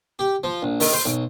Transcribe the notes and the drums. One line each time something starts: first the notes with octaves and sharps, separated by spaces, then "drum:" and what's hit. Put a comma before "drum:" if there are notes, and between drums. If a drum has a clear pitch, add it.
G4
F3
A#1
D#3, drum: open hi-hat
C5
B1